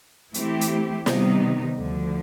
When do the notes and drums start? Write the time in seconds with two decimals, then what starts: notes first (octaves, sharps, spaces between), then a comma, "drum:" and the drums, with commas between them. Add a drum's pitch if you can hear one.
0.34 E3 A3 C4 E4 G4, drum: hi-hat
0.61 drum: hi-hat
1.06 C3 D#3 G3 B3 D#4, drum: snare
1.77 D2 D3 F3